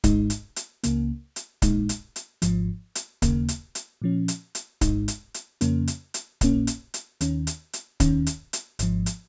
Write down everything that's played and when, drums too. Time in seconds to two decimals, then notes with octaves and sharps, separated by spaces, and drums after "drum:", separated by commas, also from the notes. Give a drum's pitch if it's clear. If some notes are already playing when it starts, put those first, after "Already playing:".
0.04 G#1 G#2 G#3 D#4, drum: kick C#1, hi-hat
0.30 drum: hi-hat
0.56 drum: hi-hat
0.83 C#2 C#3 A#3, drum: hi-hat
1.36 drum: hi-hat
1.62 A#1 A#2 G#3 D#4, drum: kick C#1, hi-hat
1.89 drum: hi-hat
2.16 drum: hi-hat
2.42 G#1 G#2 F3, drum: hi-hat
2.95 drum: hi-hat
3.22 D#2 C#3 A#3, drum: kick C#1, hi-hat
3.48 drum: hi-hat
3.75 drum: hi-hat
4.02 A#2 F3 C#4
4.28 drum: hi-hat
4.55 drum: hi-hat
4.81 G#1 G#2 G#3 D#4, drum: kick C#1, hi-hat
5.08 drum: hi-hat
5.34 drum: hi-hat
5.61 F2 C#3 A#3 C#4, drum: hi-hat
5.87 drum: hi-hat
6.14 drum: hi-hat
6.41 A#1 A#2 A#3 C#4, drum: kick C#1, hi-hat
6.67 drum: hi-hat
6.94 drum: hi-hat
7.21 D#2 D#3 C#4, drum: hi-hat
7.47 drum: hi-hat
7.73 drum: hi-hat
8.00 D#2 D#3 C#4, drum: kick C#1, hi-hat
8.27 drum: hi-hat
8.53 drum: hi-hat
8.79 G#1 G#2 F3, drum: hi-hat
9.06 drum: hi-hat